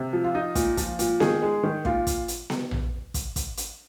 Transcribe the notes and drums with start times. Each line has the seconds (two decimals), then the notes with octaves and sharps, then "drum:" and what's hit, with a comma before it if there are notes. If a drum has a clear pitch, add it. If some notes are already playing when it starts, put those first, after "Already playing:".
Already playing: C3
0.13 F3
0.24 F4
0.35 D#4
0.55 A#2, drum: kick, hi-hat
0.77 F3, drum: kick, hi-hat
0.99 A#2, drum: hi-hat
1.20 D#3 G#4, drum: snare B3
1.43 G#3
1.63 D#3
1.85 A#2 F4, drum: kick
2.07 drum: kick, hi-hat
2.28 drum: hi-hat
2.50 drum: snare B3
2.71 drum: tom A#1
3.14 drum: kick, hi-hat
3.36 drum: kick, hi-hat
3.57 drum: hi-hat